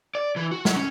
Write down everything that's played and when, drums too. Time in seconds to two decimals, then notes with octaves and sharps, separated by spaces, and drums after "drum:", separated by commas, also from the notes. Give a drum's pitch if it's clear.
0.15 D5
0.36 E3
0.51 F#4
0.65 F#3, drum: snare
0.76 C#4